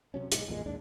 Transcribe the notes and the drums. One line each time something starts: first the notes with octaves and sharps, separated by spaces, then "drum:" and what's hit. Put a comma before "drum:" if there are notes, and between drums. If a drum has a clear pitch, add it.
C3 F#3 C#4
B1 G#2 G#3, drum: hi-hat
A1 F2 A#2 G#3
D#1 D#2 G#2 D4